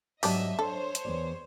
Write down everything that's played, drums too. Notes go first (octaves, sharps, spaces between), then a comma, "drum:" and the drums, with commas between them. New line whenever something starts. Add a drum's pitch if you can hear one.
G#2 F#3 G3 B3 D4 D#5 E5, drum: open hi-hat
D4 A4 C5 C#5
drum: hi-hat
E2 B3 D5